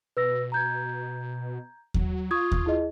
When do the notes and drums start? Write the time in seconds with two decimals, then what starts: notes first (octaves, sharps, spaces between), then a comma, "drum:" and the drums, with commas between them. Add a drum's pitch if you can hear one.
0.17 B2 B4 E6 A#6
0.52 A#5 G6 G#6
1.94 F#3, drum: kick D#2
2.31 F4 C#6 D#6 G#6
2.52 drum: kick D#2
2.66 E4 G#4 D#5